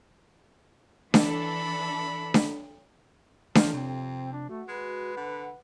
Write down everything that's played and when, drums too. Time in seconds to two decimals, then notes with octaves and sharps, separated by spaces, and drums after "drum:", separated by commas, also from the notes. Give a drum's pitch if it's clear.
1.14 E3 D4 A4 B5, drum: snare D4
2.34 drum: snare D4
3.55 E3 F3 A3, drum: snare D4
3.73 F2 C3 C4
4.33 D4
4.49 A3 F#4
4.68 G#3 B4
5.16 D3 F#5